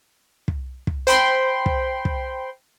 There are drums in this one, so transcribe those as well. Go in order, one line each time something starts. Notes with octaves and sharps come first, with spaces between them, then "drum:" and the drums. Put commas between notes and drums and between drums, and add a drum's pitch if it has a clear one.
drum: kick
drum: kick
C5 G5 B5 C6
drum: kick
drum: kick